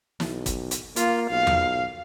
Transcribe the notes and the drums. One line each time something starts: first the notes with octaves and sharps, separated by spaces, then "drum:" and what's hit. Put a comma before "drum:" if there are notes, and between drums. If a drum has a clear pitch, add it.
B1, drum: snare
drum: kick, hi-hat
drum: hi-hat
A#3 F4, drum: hi-hat
B1 F5
drum: tom E2